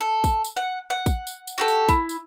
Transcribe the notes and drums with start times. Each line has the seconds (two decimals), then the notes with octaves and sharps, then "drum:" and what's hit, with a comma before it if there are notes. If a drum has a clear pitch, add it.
0.01 A4
0.24 drum: kick, tambourine
0.44 drum: tambourine
0.57 F#5
0.90 F#5
1.06 drum: kick, tambourine
1.27 drum: tambourine
1.47 drum: tambourine
1.58 F#4 G4 A4
1.68 drum: tambourine
1.89 E4, drum: kick, tambourine
2.09 drum: tambourine